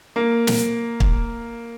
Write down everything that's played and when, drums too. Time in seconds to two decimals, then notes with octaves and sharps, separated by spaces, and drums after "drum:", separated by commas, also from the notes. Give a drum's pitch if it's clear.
0.16 A#3
0.47 drum: snare
1.00 drum: kick